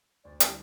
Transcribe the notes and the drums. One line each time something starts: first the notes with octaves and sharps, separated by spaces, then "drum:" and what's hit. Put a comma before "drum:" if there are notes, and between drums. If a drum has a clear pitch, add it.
D2 D5
D3 G3 E4 G4 A4, drum: hi-hat